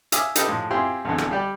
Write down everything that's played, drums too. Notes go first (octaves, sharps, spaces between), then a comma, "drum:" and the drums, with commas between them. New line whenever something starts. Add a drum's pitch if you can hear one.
E5 F5 G#5 D6 D#6, drum: hi-hat
D#4 G4 A4 B4 D#5, drum: hi-hat
A2 F3 G#3
C4 E4 F4 G4 G#4 C6
B1 F2 D3 E3
drum: rim click
G3 G4 D5